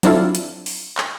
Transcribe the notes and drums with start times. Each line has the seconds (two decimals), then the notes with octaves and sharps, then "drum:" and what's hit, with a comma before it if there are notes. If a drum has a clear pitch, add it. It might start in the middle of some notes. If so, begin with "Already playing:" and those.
0.03 F#3 C4 D4 E4 F4 A4, drum: hi-hat
0.35 drum: hi-hat
0.66 drum: open hi-hat
0.98 drum: clap